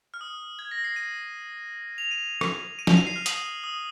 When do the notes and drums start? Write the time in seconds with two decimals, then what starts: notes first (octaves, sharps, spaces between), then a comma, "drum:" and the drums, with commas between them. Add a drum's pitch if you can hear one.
0.14 F6
0.21 D#6
0.59 G#6
0.71 A#6
0.84 C7
0.96 D#7
1.98 F7
2.11 D#7
2.41 drum: rim click
2.79 D#7
2.87 F7, drum: snare
2.97 D#7
3.07 C7
3.16 F6
3.26 D#6, drum: hi-hat
3.64 D#6